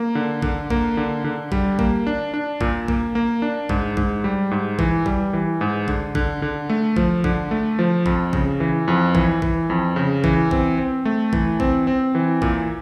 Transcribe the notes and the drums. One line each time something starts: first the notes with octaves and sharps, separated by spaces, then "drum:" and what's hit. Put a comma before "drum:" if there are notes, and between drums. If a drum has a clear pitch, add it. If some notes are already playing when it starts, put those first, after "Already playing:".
Already playing: A#3
D3
D3, drum: kick A1
A#3, drum: kick A1
D3
D3
G3, drum: kick A1
A#3, drum: kick A1
D4
D4
A#2, drum: kick A1
A#3, drum: kick A1
A#3
D4
G#2, drum: kick A1
G#2, drum: kick A1
G3
G#2
E3, drum: kick A1
G3, drum: kick A1
E3
G#2
D3, drum: kick A1
D3, drum: kick A1
D3
A3
F3, drum: kick A1
D3, drum: kick A1
A3
F3
F2, drum: kick A1
C#3, drum: kick A1
E3
F2
E3, drum: kick A1
E3, drum: kick A1
F2
C#3
E3, drum: kick A1
C4, drum: kick A1
C4
A3
E3, drum: kick A1
C4, drum: kick A1
C4
E3
A#2, drum: kick A1